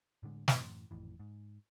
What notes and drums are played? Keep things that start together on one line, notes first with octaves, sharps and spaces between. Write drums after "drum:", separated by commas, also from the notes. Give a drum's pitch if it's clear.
A2 D3 F#3 G#3
F#2 A2 E3, drum: snare
G#1 F2 A2 E3
G#2